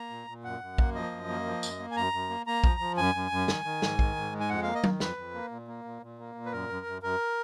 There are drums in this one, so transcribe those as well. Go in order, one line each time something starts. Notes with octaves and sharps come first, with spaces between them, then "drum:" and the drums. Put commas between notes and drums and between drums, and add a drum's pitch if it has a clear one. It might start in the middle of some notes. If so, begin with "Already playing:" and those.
Already playing: A#3 A#5
A#2
A#2
F#2 F#5
F#2
A#3, drum: kick
F3 D#5
F#2
A#3
F3
F#2, drum: tambourine
A#3
G#5
F#2 A#5
F#2
A#3
A#3 A#5
F3, drum: kick
F3
F#2 G#5
F#2
F#2
D#3, drum: snare
D#3
G#2, drum: snare
D#3, drum: kick
G#2
G#3
G#5
F2 F#5
A#3 F5
D#5
D#3, drum: tom F#3
F2 B4, drum: snare
F2
A#3
A#2
A#3
A#2
A#2
A#3
A#2
B4
F#2 A#4
F#2
F#2
F#2 A#4